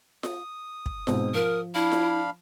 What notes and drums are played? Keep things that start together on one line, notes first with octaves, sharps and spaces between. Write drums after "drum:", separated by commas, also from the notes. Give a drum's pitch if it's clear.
D#6, drum: snare F4
drum: kick
G#2 B2 C4, drum: snare F4
F3 A#4
D4 E4 F5 B5
drum: snare F4